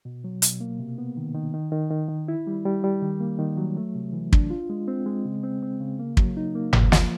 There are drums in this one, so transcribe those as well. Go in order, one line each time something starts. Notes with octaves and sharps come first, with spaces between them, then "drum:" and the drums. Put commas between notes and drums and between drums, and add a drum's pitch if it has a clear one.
B2
F#3
B2, drum: hi-hat
A#3
C3
B3
D#3
D#3
D#3
D#3
D#3
D#3
E4
G3
G3
G3
D#3
A#3
D#3
F#3
A3
C3
E3
D4, drum: kick
F4
G#3
C4
G#3
C#3
C4
C4
C#3
A#3
F#3, drum: kick
D#4
A#3
F3, drum: tom G1
F3, drum: snare